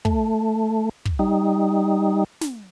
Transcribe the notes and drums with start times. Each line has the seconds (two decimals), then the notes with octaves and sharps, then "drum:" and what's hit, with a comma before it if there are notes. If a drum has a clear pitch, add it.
0.05 A3, drum: kick
1.05 drum: kick
1.19 G3 D#4
2.41 drum: snare